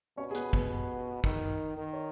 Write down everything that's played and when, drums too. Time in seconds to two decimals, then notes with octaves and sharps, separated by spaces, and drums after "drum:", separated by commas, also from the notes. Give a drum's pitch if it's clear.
0.17 B2 C#4 C#5
0.31 G#4
0.35 B3 B4, drum: hi-hat
0.53 B3 B4, drum: kick
1.24 D#3, drum: kick
1.77 D#3
1.93 C#5